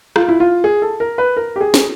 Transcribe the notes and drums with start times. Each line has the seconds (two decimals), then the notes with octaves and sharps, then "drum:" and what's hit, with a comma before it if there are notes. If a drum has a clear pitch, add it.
0.16 F4, drum: rim click
0.29 E4
0.40 F4
0.64 G#4
0.82 A4
1.00 A#4
1.18 B4
1.37 A#4
1.56 G4
1.61 G#4
1.74 drum: snare